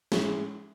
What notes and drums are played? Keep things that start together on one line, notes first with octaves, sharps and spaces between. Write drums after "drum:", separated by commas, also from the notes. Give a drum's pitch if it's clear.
A2 G#3 C#4 G#4, drum: snare